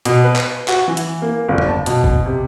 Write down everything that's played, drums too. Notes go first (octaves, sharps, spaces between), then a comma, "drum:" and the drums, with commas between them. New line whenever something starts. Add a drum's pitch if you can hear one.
B2, drum: hi-hat
B4
drum: clap
F#4, drum: clap
E3
drum: hi-hat
A#3
G1
drum: tom F2
A5
B2, drum: hi-hat
drum: kick
C3